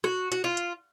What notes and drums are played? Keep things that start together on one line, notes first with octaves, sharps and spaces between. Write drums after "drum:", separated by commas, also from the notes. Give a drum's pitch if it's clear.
F#4, drum: rim click
F#4, drum: hi-hat
F4
drum: hi-hat